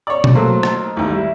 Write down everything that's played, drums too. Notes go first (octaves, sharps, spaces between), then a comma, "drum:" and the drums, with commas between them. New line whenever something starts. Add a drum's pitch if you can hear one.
C#5 D5
drum: tom B2
F#3 A3 A#3 C5
drum: rim click
D#4
A1 D#2
G3 E4